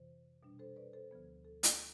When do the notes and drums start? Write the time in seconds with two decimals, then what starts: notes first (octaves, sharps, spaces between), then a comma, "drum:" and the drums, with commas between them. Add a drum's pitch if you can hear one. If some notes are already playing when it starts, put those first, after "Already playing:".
Already playing: F2 C3 E3 C5
0.43 B2 G3 D4
0.59 A4 C5
0.76 B4 D5
0.93 A4 C5
1.11 D2 D3 F3 B3
1.45 A4
1.63 drum: hi-hat